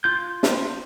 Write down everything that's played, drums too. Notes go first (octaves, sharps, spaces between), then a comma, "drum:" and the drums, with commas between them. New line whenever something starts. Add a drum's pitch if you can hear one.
F4 G6
drum: snare